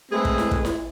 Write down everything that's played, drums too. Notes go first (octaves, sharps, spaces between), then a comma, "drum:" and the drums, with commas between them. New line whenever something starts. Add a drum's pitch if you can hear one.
G#3 A3 C4 G#4 B4
drum: kick
drum: snare E4
drum: kick
drum: snare E4